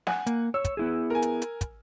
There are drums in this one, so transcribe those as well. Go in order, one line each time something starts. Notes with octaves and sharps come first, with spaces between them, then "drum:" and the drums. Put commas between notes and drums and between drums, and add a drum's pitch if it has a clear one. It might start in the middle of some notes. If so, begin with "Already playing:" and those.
F#5 G#5, drum: snare
A#3, drum: hi-hat
C#5 E6
drum: kick, hi-hat
B3 E4 G#4
A#4 G#5
drum: hi-hat
drum: hi-hat
drum: kick, hi-hat